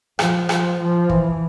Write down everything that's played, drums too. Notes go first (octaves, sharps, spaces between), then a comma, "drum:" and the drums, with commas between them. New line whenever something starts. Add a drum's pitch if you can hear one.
F3, drum: rim click
F3, drum: rim click
F3
E3, drum: kick